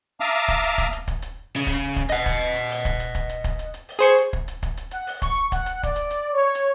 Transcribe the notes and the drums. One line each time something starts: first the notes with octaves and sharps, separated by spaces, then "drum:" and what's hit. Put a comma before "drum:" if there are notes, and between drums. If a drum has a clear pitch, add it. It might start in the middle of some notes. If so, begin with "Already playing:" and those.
E5 F5 A5 A#5 D6 D#6
drum: kick, hi-hat
drum: hi-hat
drum: kick, hi-hat
drum: hi-hat
drum: kick, hi-hat
drum: hi-hat
C#3
drum: kick, hi-hat
drum: kick, hi-hat
D#5 F#5, drum: hi-hat
drum: kick, hi-hat
drum: hi-hat
drum: hi-hat
drum: open hi-hat
drum: kick, hi-hat
drum: hi-hat
drum: kick, hi-hat
drum: hi-hat
drum: kick, hi-hat
drum: hi-hat
drum: hi-hat
drum: open hi-hat
G#4 C5 C#6
drum: hi-hat
drum: kick
drum: hi-hat
drum: kick, hi-hat
drum: hi-hat
F#5, drum: hi-hat
drum: open hi-hat
C#6, drum: kick, hi-hat
F#5, drum: kick, hi-hat
drum: hi-hat
D5, drum: kick, hi-hat
drum: hi-hat
drum: hi-hat
C#5
drum: hi-hat